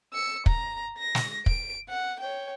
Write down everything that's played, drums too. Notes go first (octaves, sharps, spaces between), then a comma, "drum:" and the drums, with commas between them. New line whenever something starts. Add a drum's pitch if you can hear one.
E6 C#7
A#5, drum: kick
A#6
drum: snare
D7, drum: kick
F#5
C#5 G5